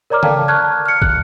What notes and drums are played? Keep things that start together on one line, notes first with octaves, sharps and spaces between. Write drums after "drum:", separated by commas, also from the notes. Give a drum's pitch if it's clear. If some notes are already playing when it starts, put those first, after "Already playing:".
A#4 C#5 D5 A#5 D6 F6
A4 D5 F5 G5 A5 A#5, drum: tom C#3
A5 C#6 F6 F#6 G#6
F6 C#7
F#6, drum: kick